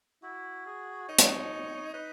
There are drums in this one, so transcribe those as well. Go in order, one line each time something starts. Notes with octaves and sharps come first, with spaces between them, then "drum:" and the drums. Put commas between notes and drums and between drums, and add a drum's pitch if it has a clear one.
E4 F#4
G#4
D#4 C#5
drum: hi-hat
D#4 B4